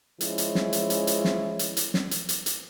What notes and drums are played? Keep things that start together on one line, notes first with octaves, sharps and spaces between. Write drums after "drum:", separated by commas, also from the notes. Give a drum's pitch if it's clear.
F3 G#3 C#4 E4, drum: hi-hat
drum: hi-hat
drum: snare
drum: hi-hat
drum: hi-hat
drum: hi-hat
drum: snare
drum: hi-hat
drum: hi-hat
drum: snare
drum: hi-hat
drum: hi-hat
drum: hi-hat